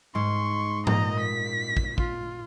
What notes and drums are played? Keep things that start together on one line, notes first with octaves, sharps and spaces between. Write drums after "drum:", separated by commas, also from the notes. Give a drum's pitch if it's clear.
G#2 G#3 C6 C#6
A#2 D#5 A#5, drum: tom G#2
B6
drum: kick
F4, drum: kick